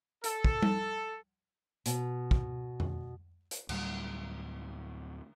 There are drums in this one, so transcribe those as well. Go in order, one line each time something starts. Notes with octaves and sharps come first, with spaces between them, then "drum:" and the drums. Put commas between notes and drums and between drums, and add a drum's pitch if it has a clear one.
A4, drum: hi-hat
drum: kick
drum: tom G3
B2, drum: hi-hat
drum: kick
drum: tom F2
drum: hi-hat
D2 A2 F#3 G3, drum: cymbal